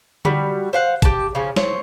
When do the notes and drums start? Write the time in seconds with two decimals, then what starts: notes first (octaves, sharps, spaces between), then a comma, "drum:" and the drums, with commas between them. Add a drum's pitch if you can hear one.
0.25 G3 F#4, drum: tom D3
0.73 C5 F5 F#5
1.02 G4 A5, drum: kick, hi-hat
1.35 C#3 F3 C#4
1.56 C5 C#5, drum: snare